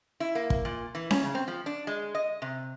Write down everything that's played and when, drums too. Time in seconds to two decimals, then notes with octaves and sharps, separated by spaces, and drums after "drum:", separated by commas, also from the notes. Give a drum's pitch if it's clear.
0.20 E4
0.35 A#3
0.50 drum: kick
0.65 A#2
0.95 E3
1.11 C#4, drum: snare C#4
1.23 C#3
1.35 C4
1.48 F3
1.66 D4
1.87 G#3
2.15 D#5
2.42 C3